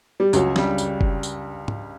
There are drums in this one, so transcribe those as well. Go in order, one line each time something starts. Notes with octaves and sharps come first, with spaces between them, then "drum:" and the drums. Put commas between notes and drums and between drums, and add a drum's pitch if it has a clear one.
G3
C#2 F#3, drum: tambourine
C#3 G3, drum: snare
drum: tambourine
drum: kick F#1
drum: tambourine
drum: tom G#2